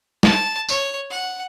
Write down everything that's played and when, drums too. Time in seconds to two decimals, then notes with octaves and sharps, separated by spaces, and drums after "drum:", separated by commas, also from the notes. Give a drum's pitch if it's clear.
0.23 A5, drum: snare
0.69 C#5, drum: tambourine
1.11 F#5